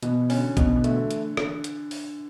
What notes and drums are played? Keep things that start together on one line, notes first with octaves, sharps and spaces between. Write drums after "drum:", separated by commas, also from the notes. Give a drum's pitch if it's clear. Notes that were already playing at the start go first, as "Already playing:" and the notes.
B2 E3, drum: hi-hat
D3 C#4, drum: open hi-hat
B2 E3, drum: kick, hi-hat
E3
D3 A3, drum: hi-hat
drum: hi-hat
drum: rim click
drum: hi-hat
drum: open hi-hat